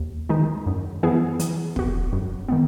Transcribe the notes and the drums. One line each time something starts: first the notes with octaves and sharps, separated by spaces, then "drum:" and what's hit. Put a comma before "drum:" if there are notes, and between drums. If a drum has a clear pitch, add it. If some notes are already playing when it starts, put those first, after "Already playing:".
Already playing: D#2
D#3 G#3 D#4
F#2
E3 B3 E4 G#4
E3, drum: hi-hat
B3 F#4, drum: kick
F#2
D#3 G#3 B3